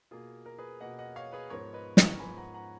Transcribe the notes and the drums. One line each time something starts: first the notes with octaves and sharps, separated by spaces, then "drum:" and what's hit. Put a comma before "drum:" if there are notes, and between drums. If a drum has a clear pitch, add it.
B2 A#3 F4 G#4
A#4
G#4 B4
B2 A#3 D#5 F#5
D#5 F#5
C#5 F5
G#4 B4
G#2 F3 B3 A#4 C#5
B4 D#5
A#5 C#6, drum: snare
G#2 F3 B3 G#5 B5
F#5 A#5
F#5 A#5